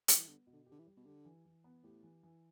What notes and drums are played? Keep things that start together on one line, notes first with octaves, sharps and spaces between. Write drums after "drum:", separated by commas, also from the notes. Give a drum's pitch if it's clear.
G3, drum: hi-hat
E3
D3 B3
B2
D3
G4
D3
E3
G3
B2
D3 G4
E3
E3
B3
A2 G4
E3
E3